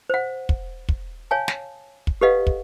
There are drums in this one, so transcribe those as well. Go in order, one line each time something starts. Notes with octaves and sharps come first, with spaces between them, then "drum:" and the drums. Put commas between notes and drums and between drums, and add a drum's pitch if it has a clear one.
C5 F#5
drum: kick
drum: kick
C#5 F5 G#5 A5
drum: snare
drum: kick
G4 A4 B4 D#5 F5 F#5
drum: kick